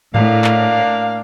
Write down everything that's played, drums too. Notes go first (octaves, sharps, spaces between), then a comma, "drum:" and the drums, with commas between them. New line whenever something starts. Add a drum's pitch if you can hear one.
A2 A#3 D4 F5, drum: tom G#2
drum: clap